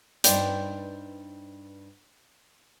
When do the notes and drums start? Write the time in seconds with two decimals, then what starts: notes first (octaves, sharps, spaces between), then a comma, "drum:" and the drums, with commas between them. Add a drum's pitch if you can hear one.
0.24 G2 D#4 B4 C5 D5 G5, drum: hi-hat